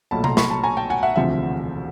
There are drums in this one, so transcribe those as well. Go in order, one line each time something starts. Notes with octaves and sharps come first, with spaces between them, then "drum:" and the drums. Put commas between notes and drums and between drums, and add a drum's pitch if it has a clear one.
B1 A#2 F#3 A3 A5 B5
A#5 C6, drum: tom C3
B5 C#6, drum: snare
A5 B5
G#5 A#5
G5 A5
F#5 G#5
E5 F#5
E1 D2 C3 F3 E5